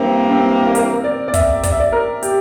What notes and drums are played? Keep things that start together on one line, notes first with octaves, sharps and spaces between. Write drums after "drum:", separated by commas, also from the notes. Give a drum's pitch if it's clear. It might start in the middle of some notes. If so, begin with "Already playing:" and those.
Already playing: G2 E3 A#3 C4
C4
A#4, drum: hi-hat
D5
D5
E5, drum: kick, hi-hat
D5, drum: kick, hi-hat
E5
D5
A#4
G4, drum: hi-hat